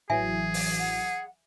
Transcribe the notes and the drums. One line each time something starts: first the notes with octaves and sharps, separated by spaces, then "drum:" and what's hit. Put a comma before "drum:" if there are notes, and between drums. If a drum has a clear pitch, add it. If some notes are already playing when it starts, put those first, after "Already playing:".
A1 E3 F#3 G#4 E5 G#5
drum: open hi-hat
F#5